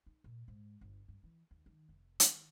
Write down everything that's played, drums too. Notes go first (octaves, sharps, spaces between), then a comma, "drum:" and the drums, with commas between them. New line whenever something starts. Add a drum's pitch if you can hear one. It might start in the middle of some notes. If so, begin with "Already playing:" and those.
D#4
A#2
G#2
G1
G2
E3
D#2
D#3
F1
D#3, drum: hi-hat